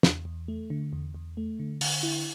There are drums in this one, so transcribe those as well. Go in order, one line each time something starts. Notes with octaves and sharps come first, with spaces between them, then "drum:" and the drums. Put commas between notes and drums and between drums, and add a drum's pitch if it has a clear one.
E2, drum: snare
E2
A3
D3
E2
E2
A3
D3
D3, drum: open hi-hat
E4